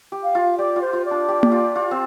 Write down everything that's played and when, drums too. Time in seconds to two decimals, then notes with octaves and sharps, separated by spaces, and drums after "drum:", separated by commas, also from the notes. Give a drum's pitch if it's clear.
0.12 G4
0.23 F5
0.35 F4
0.58 G4 D5
0.76 F4
0.81 C5
0.93 F4
1.05 D5
1.11 D4
1.28 G4
1.43 G4, drum: tom A#3
1.52 F4
1.75 F4
1.91 C4